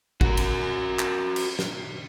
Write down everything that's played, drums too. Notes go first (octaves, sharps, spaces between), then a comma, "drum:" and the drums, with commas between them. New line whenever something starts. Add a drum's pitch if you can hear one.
F#4 A#4, drum: kick G#1
drum: cymbal
drum: clap
drum: cymbal
drum: snare